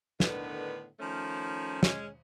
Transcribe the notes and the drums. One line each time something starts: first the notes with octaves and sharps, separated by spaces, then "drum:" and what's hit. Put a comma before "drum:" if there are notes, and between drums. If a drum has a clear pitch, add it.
A2 D3 D#3 B3 D4 B4, drum: snare
D#3 F3 A3 C#4
G#3 C#4, drum: snare